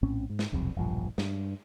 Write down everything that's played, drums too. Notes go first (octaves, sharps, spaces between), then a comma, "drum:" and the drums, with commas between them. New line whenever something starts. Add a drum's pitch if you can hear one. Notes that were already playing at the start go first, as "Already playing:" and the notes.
A#1 A2 C4 C#4
G#2
drum: snare
D#1 B1 F2 C3
E1 A#1 G2 F3
G2, drum: snare